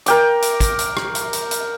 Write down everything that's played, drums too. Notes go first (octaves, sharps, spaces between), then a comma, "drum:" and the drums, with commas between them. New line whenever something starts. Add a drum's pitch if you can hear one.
A#4 G5 D6, drum: hi-hat
drum: hi-hat
drum: kick, hi-hat
drum: hi-hat
drum: rim click
drum: hi-hat
drum: hi-hat
drum: hi-hat